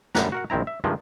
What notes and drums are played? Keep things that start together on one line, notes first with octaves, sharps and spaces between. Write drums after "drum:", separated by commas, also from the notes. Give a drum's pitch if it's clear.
F#2 D3 G3 B4 F#5 A#5, drum: snare
F#4 A#4 F#5
A#1 D#3 C4 E4 A#5
E5
G2 C3 D#3 F3 G#3